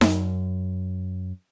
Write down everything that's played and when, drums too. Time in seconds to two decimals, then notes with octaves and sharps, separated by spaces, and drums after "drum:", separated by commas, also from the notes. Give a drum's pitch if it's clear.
0.01 F#2, drum: snare D#4